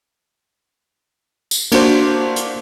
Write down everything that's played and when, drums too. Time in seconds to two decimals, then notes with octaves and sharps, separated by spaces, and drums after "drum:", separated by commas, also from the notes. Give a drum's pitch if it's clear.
1.51 drum: tambourine
1.72 A#3 D4 F#4 C5, drum: cymbal
2.36 drum: hi-hat